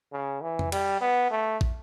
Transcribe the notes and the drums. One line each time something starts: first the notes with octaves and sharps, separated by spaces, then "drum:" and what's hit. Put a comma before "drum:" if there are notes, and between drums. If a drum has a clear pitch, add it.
C#3
E3
drum: tom F2
G3, drum: cymbal
B3
A3
drum: kick